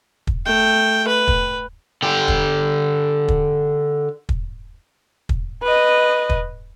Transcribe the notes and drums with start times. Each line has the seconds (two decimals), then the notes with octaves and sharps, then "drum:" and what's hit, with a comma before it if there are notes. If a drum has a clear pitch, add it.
0.27 drum: kick
0.46 A3 G5
1.08 B4
1.28 drum: kick
2.03 D3 G4
2.28 drum: kick
3.28 drum: kick
4.29 drum: kick
5.29 drum: kick
5.63 B4 D#5
6.30 drum: kick